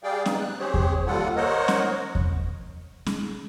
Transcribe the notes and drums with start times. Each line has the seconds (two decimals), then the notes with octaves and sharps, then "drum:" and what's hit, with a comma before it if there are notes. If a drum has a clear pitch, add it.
0.03 G3 G#4 D5 F5 G5
0.26 B3 C4 D#4, drum: snare C#4
0.40 F#6
0.59 C4 G4 G#4 C5 C#5
0.74 drum: kick E2
1.07 D#2 G3 F4 A4 F#5
1.36 A#4 C5 C#5 D#5 F#5
1.68 drum: snare C#4
2.15 drum: kick E2
3.06 G#3, drum: snare C#4